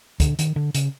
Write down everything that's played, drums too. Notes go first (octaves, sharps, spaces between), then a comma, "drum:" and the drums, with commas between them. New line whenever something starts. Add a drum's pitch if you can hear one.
D3, drum: kick, hi-hat
D#3, drum: hi-hat
D3
C#3, drum: hi-hat